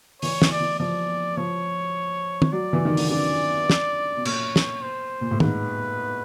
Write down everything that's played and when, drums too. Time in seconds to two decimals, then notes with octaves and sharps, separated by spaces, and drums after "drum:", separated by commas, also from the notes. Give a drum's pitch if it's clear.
0.22 E3 C#5, drum: open hi-hat
0.42 E3, drum: snare
0.51 D5
0.61 E3
0.80 F3 D5
1.37 F3 C#5
2.42 drum: tom
2.52 F#3 D5
2.73 E3
2.85 D#3
2.97 D3, drum: open hi-hat
3.10 C#3 D5
3.70 drum: snare
4.16 B2
4.25 A#2 C#5, drum: cymbal
4.56 drum: snare
4.82 C5
5.21 A#2
5.31 A2
5.40 G#2 B4, drum: tom